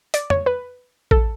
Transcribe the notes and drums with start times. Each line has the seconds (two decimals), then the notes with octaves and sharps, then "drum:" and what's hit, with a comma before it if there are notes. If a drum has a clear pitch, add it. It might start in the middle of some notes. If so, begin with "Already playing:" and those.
0.14 D5, drum: hi-hat
0.30 C#5, drum: tom
0.46 B4
1.11 A4, drum: kick A1